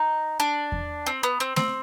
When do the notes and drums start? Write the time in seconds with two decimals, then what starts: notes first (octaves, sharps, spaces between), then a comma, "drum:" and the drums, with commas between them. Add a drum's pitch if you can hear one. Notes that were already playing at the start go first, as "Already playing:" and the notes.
Already playing: D#4
0.40 D4
0.72 drum: kick E2
1.07 C4
1.23 B3
1.40 C4
1.56 C4, drum: snare A3